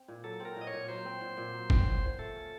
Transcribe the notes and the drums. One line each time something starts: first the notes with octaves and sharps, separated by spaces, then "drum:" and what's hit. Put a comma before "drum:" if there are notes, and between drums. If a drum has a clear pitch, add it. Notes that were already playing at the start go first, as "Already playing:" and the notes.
Already playing: C4
A#2
F#3 A4
C4
A#4
A#2 D#5
C#5
A#2
F#3 C5
C4
A#2
A#2
F#3
C4, drum: kick
A#2
A#2
A3 A4
C#4